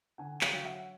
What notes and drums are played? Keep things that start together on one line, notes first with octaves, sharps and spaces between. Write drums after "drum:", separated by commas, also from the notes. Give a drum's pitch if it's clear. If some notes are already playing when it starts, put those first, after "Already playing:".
D3 F#5 G#5
F5 G5, drum: clap
F#3
E5 F#5